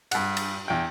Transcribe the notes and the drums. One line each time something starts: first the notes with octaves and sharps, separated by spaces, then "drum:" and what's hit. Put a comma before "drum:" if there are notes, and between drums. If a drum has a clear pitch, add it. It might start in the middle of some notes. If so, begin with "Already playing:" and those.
G2 F#5, drum: cymbal
drum: cymbal
E2 G5